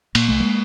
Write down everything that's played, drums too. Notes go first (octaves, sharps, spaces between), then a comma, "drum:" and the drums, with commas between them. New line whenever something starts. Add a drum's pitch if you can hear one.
A#2 A#3, drum: cymbal
C2 A3
G#3 A#3